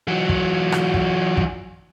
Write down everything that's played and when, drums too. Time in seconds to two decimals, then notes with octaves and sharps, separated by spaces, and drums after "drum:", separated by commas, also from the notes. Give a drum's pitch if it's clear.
0.07 E3 F#3
0.29 drum: kick
0.72 drum: rim click
0.94 drum: kick
1.37 drum: kick